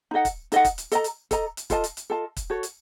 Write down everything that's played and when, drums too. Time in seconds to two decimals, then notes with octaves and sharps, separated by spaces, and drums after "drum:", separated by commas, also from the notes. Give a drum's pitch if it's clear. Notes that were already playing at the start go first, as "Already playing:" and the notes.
0.11 D#4 A4 D#5 F#5
0.25 drum: kick, hi-hat
0.52 D#4 A4 D#5 F#5, drum: hi-hat
0.65 drum: kick, hi-hat
0.78 drum: hi-hat
0.92 A4 D#5 A#5, drum: hi-hat
1.04 drum: hi-hat
1.31 A4 D#5 A#5, drum: kick, hi-hat
1.57 drum: hi-hat
1.70 F4 A4 D#5 A5, drum: kick, hi-hat
1.84 drum: hi-hat
1.97 drum: hi-hat
2.10 F4 A4 D#5 A5
2.37 drum: kick, hi-hat
2.50 F#4 A4 C#5
2.63 drum: hi-hat